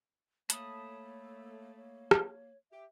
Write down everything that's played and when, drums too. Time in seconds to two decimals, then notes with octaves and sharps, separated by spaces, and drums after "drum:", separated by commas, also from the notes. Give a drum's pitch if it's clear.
0.50 A3 A#3 C#5 A5 B5 D#6, drum: hi-hat
1.77 C#5
2.11 drum: rim click
2.72 G4 E5